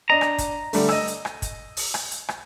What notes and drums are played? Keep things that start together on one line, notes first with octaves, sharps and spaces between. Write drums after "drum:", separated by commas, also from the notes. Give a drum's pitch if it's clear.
D4 D#5 A#5
drum: rim click
drum: kick, hi-hat
D3 G3 A3, drum: open hi-hat
D#5 E6, drum: rim click
drum: hi-hat
drum: rim click
drum: kick, hi-hat
drum: open hi-hat
drum: rim click
drum: hi-hat
drum: rim click